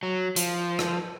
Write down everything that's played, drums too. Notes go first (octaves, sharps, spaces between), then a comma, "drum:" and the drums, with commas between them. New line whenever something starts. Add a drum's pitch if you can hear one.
F#3
F3, drum: hi-hat
drum: rim click